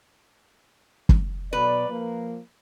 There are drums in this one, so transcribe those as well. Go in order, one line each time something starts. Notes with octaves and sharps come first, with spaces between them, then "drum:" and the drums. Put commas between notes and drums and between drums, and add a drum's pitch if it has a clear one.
drum: kick
B2 F#3 B4 D5
F3 A#3